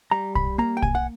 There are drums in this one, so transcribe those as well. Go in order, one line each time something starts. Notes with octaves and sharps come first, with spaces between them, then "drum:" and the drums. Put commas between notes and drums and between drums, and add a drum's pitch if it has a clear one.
G3 A#5
B5, drum: kick
A#3 A#5
G5
G#5, drum: kick
F#5